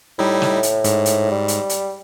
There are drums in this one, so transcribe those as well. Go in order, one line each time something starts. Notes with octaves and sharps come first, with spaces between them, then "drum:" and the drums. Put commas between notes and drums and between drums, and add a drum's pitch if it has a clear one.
A2 G3 D#4 E4
drum: snare
drum: hi-hat
G#2, drum: hi-hat
drum: hi-hat
G3
drum: hi-hat
drum: hi-hat